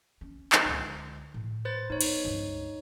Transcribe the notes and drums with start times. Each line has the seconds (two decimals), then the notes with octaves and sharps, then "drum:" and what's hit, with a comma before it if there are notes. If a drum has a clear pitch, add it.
0.21 C#4
0.52 drum: clap
0.65 C#2 D3
1.34 A2
1.65 B4 C5 A6
1.90 B3 D#4 C#5
2.01 drum: cymbal
2.24 C#2 G2